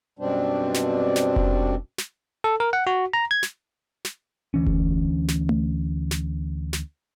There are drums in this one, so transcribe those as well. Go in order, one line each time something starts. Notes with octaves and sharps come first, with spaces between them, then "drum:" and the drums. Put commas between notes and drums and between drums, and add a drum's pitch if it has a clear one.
F#2 B2 G3 C4 D4
drum: snare
drum: snare
drum: kick F1
drum: snare
A4
A#4
F#5
F#4
A#5
G#6
drum: snare
drum: snare
D2 E3 C#4
drum: kick F1
drum: snare
drum: tom A3
drum: snare
drum: snare